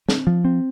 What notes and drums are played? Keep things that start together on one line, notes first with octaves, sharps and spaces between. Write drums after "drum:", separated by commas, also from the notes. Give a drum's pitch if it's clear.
C4, drum: snare
F3
C4